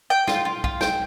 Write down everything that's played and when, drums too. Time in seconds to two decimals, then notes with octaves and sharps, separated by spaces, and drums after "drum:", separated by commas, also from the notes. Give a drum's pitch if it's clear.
0.10 G5
0.28 F4, drum: snare
0.45 F4
0.64 F4, drum: kick
0.81 G5, drum: snare